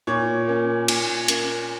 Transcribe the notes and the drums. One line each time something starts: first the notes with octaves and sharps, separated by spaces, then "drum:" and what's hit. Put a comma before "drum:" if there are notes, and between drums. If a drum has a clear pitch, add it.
A#2 C#5
A#3 C#4
A#2, drum: cymbal
A#3 C#4, drum: hi-hat